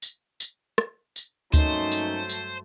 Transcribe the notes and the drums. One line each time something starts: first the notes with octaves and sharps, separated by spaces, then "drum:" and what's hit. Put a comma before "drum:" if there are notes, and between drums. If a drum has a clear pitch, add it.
drum: tambourine
drum: tambourine
drum: rim click
drum: tambourine
G2 F#3 A3 A#3 C#4 D#4 C5, drum: kick D2, tambourine
drum: tambourine
drum: tambourine